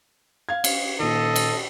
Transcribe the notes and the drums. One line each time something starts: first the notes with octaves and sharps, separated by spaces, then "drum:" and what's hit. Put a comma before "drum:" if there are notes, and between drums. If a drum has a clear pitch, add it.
F5 G#6
drum: cymbal
A#2 D#3 A4 D#5
drum: cymbal